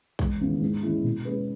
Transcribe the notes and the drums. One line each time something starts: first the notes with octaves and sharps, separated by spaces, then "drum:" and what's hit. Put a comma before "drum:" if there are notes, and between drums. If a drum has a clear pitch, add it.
E1, drum: kick
D#2 C#3 E3 B3
G#2
E3 G#3 C#4 E4
B2
G#3 C#4 G#4 B4